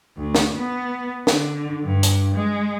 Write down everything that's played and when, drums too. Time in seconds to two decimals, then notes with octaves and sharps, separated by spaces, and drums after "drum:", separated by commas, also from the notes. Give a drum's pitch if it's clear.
0.17 D2
0.35 drum: snare
0.55 B3
1.27 D3, drum: snare
1.84 G2
2.03 drum: hi-hat
2.34 G#3